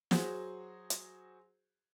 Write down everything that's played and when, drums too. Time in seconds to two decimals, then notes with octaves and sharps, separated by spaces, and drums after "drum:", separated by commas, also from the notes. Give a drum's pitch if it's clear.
0.11 F#3 F#4 G#4 C5, drum: snare
0.90 drum: hi-hat